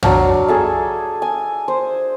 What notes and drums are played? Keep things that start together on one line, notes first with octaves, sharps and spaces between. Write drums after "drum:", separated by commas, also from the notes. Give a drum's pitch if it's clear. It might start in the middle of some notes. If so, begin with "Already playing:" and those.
F#3 D4 F5, drum: tom
G#4 A4 E5
G#5
C5